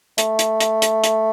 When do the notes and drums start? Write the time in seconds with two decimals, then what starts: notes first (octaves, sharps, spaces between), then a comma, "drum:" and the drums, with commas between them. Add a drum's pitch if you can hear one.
0.18 A3, drum: hi-hat
0.39 drum: hi-hat
0.60 drum: hi-hat
0.82 drum: hi-hat
1.04 drum: hi-hat